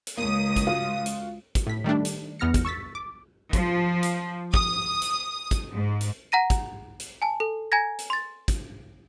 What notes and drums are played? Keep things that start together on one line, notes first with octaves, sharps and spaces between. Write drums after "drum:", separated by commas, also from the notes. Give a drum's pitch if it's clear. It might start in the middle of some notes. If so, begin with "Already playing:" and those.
drum: hi-hat
C#2 A#3 D#6
drum: kick, hi-hat
F4 F#4 D#7
drum: hi-hat
drum: kick, hi-hat
A2 B6
D#3 G3 A3 D4
drum: hi-hat
E2 B3 F6 A#6 C#7
drum: kick, hi-hat
C#6 E6 A6 B6
D6
F3, drum: kick, hi-hat
drum: hi-hat
D#6, drum: kick
drum: hi-hat
drum: kick, hi-hat
G#2
drum: hi-hat
F#5 A#5 A#6 D#7
drum: kick, hi-hat
drum: hi-hat
G#5 A5
A4
G#5 A#5 G#6 A#6
drum: hi-hat
C6 A6
drum: kick, hi-hat